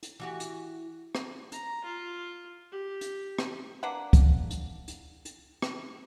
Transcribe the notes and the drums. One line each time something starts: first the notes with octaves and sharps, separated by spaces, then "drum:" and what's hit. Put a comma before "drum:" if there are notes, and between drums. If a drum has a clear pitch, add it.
drum: hi-hat
E3 F#4 G4
drum: hi-hat
drum: rim click
A#5, drum: hi-hat
F4
G4
drum: hi-hat
drum: rim click
A#3 D4 B4 F#5
drum: kick, hi-hat
drum: hi-hat
drum: hi-hat
drum: hi-hat
drum: rim click